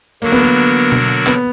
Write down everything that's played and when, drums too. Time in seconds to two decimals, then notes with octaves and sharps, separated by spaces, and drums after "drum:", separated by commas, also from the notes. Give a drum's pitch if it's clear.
0.22 D3 F#3 A#3 D4 F#4 A#4, drum: hi-hat
0.32 B3
0.43 A#3
0.57 drum: hi-hat
0.92 drum: tom B2
1.27 B3, drum: clap